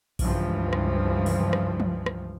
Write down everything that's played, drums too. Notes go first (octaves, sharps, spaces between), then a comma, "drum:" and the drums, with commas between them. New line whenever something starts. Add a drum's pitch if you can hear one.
C#2 G2 E3 F3, drum: kick B1, open hi-hat
drum: rim click
drum: open hi-hat
drum: rim click
drum: tom
drum: rim click